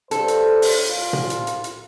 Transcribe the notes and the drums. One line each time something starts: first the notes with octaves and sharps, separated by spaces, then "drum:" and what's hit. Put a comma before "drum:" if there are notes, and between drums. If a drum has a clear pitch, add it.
G2 A4 C5, drum: hi-hat
drum: hi-hat
drum: open hi-hat
C2 F4
drum: tom A#2
drum: hi-hat
drum: hi-hat
drum: hi-hat